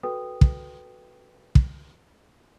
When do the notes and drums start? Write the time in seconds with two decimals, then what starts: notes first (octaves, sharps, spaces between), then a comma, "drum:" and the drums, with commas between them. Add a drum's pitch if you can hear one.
0.03 F#4 A4 B4 G5 D#6
0.41 drum: kick
1.55 drum: kick